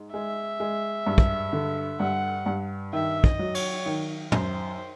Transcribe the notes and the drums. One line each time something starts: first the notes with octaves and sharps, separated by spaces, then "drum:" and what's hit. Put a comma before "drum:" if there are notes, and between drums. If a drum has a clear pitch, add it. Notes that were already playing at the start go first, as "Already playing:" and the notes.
Already playing: G#2
G#3 E5
G#3
G2
drum: kick
D3
G2 F#5
G2
D#3 E5
D#5, drum: kick
F#3
C#5, drum: cymbal
D#3
F#2 C5, drum: tom